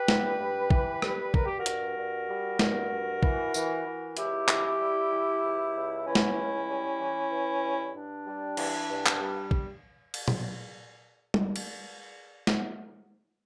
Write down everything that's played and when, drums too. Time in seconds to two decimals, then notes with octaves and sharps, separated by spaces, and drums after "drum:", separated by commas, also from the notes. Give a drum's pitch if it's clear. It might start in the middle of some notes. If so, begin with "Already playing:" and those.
Already playing: G4 B4
0.08 G2, drum: snare
0.40 G2
0.70 E3, drum: kick
1.02 G3, drum: rim click
1.34 G2 A#4, drum: kick
1.45 G4
1.58 F#4 A#4
1.66 G2, drum: hi-hat
1.97 G2
2.28 G3
2.59 G2, drum: snare
2.92 G2
3.23 E3, drum: kick
3.54 E3, drum: tambourine
3.86 E3
4.17 C#2 E4 G4, drum: hi-hat
4.48 E3, drum: clap
4.79 G3
5.12 E3
5.43 C#2
5.75 C#2
6.06 E3 C#4 E4
6.15 drum: snare
6.38 C#2
6.69 G3
7.00 E3
7.31 E3
7.63 G2
7.94 G2 D4
8.26 G3
8.57 E3, drum: cymbal
8.89 G2
9.06 drum: clap
9.20 G3
9.51 drum: kick
10.14 drum: cymbal
10.28 drum: tom A#2
11.34 drum: tom G3
11.56 drum: cymbal
12.47 drum: snare